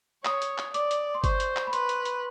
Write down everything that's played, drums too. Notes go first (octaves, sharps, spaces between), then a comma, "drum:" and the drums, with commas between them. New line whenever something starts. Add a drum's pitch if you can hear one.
C#5 D#6, drum: clap
drum: hi-hat
drum: clap
D5 D6, drum: hi-hat
drum: hi-hat
C6
C5 C#6, drum: kick G1, hi-hat
drum: hi-hat
drum: clap
B5
B4 C6, drum: hi-hat
drum: hi-hat
drum: hi-hat